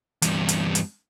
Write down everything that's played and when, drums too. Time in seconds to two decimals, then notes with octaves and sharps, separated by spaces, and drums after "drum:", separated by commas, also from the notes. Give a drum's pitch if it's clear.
0.22 E2 G2, drum: hi-hat
0.49 drum: hi-hat
0.75 drum: hi-hat